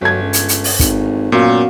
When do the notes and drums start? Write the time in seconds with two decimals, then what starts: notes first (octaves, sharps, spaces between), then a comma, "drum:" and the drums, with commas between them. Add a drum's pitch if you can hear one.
0.01 G1 F#3 G#6
0.23 C#2
0.33 drum: hi-hat
0.49 drum: hi-hat
0.64 drum: open hi-hat
0.79 G#1, drum: kick, hi-hat
1.32 F#2 A#2 B3 F#4 F5